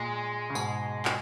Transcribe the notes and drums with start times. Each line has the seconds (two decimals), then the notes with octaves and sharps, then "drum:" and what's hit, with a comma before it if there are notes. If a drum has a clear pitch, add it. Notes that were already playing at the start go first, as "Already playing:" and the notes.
Already playing: A#2 G#3
0.50 C#3
0.55 G#2 B2, drum: tambourine
1.05 drum: clap